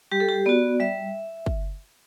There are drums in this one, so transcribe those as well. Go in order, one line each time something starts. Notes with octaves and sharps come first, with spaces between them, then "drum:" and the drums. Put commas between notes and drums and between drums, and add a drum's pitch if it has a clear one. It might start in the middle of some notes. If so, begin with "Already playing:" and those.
G3 G4
A4
G4
B3 F#4 D5
G3 E5
drum: kick